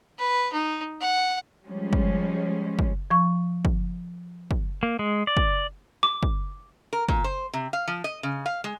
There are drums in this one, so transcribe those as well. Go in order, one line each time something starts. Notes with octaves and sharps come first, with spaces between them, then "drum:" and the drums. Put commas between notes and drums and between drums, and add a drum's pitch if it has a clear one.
B4
D#4
F#5
F3 G3 G#3 C#4
drum: kick
drum: kick
F3 C#6
drum: kick
drum: kick
A#3
G#3
D5
drum: kick
D6
drum: kick
A#4
A#2, drum: kick
C5
C3
F5
F3
D#5
C#3
F5
G#3